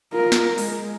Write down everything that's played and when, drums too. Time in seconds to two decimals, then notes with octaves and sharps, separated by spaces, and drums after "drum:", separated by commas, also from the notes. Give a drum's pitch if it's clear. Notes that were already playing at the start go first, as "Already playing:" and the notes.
0.13 F4 A#4
0.32 drum: snare
0.58 G#3, drum: open hi-hat